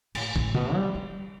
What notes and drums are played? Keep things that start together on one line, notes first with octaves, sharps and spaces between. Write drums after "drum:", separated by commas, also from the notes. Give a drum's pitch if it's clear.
A2, drum: cymbal
A2, drum: kick
B2, drum: tom
G3
G3